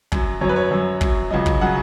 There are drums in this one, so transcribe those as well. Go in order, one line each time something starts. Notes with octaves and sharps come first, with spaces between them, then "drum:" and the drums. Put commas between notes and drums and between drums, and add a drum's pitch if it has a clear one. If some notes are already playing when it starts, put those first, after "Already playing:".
F#2 F#3, drum: kick
F#2 F#3 C#5
B4
C#5
F#2 F#3
F#2 F#3, drum: kick
C#2 C#3 F#3 D#5
drum: kick
C#3 F#3 F#5